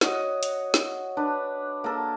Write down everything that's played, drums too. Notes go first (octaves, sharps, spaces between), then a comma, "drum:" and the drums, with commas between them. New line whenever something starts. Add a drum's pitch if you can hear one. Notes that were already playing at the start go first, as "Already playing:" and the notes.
F#4 C#5 D#5 F#5, drum: snare
drum: hi-hat
drum: snare
D4 B4
A#3 A4